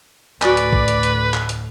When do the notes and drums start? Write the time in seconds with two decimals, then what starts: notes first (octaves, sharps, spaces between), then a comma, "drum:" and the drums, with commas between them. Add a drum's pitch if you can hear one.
0.42 D2 A2 F#4 B4 D5 G#5, drum: clap
0.57 drum: hi-hat
0.73 drum: kick
0.88 drum: hi-hat
1.03 drum: hi-hat
1.34 drum: clap
1.49 drum: hi-hat